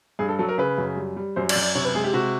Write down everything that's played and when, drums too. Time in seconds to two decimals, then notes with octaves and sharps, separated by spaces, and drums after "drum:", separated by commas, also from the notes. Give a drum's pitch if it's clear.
0.19 G2 G#4
0.29 A4
0.39 F#3 A4
0.49 A#4
0.58 C#3 B4
0.78 F#2
0.97 G3
1.17 G3
1.36 F#2 C5
1.49 D5, drum: cymbal
1.56 F#2
1.62 D5
1.75 C3 C#5
1.85 B4
1.95 G#3 G#4
2.04 G4
2.14 C3 F#4